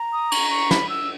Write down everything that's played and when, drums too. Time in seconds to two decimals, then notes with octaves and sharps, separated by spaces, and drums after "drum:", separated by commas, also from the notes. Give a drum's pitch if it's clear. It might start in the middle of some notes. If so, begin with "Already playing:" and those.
Already playing: A#5
0.13 D#6
0.32 C#6, drum: cymbal
0.51 C#6
0.71 B5, drum: snare
0.89 E6